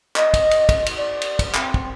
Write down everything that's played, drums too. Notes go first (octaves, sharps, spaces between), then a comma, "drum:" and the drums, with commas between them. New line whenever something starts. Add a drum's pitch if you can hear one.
D#5, drum: clap
drum: kick, cymbal
drum: cymbal
drum: kick, cymbal
drum: cymbal
D5
drum: cymbal
drum: kick, cymbal
C4, drum: clap
drum: kick